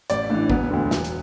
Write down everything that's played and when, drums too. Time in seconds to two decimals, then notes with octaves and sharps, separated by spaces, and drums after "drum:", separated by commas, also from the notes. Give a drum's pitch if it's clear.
0.10 A1 D5, drum: hi-hat
0.30 A2 E3 D4
0.50 E1 B3, drum: kick
0.70 D2 D3
0.91 E1, drum: snare
1.04 drum: hi-hat